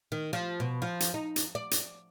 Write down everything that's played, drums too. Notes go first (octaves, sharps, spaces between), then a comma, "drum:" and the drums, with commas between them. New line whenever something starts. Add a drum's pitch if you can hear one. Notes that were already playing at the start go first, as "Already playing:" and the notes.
D#3
F3
B2
F3
drum: hi-hat
D#4
drum: hi-hat
D5
drum: hi-hat